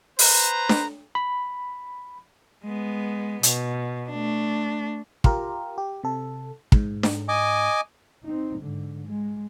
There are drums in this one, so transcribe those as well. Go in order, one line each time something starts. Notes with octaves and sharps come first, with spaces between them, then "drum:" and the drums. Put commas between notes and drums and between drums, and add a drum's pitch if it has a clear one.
B4 C5 A#5, drum: open hi-hat
drum: snare D4
B5
G#3 B3
B2, drum: hi-hat
A3 D4
F4 G4 A#4, drum: kick
G4
C3 A4
G#2, drum: kick
drum: snare D4
D#5 G#5 D6
C4 D#4
G#2 D3
G#3